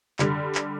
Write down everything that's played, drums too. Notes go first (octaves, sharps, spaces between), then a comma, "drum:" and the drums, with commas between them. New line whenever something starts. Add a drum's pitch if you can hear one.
D3 G3, drum: clap
drum: clap